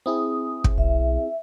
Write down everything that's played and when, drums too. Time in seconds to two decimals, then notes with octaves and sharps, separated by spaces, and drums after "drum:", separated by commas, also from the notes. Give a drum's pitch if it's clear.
0.06 C4 E4 G#4 D#6
0.64 drum: kick
0.78 B1 E5